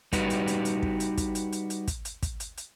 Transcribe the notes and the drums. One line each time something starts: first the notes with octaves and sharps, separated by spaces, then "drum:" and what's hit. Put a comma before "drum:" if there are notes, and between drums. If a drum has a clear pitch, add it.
G3 D#4 F#4 G4 B4, drum: kick, hi-hat
drum: hi-hat
drum: hi-hat
drum: hi-hat
drum: kick
drum: hi-hat
drum: kick, hi-hat
drum: hi-hat
drum: hi-hat
drum: hi-hat
drum: kick, hi-hat
drum: hi-hat
drum: kick, hi-hat
drum: hi-hat
drum: hi-hat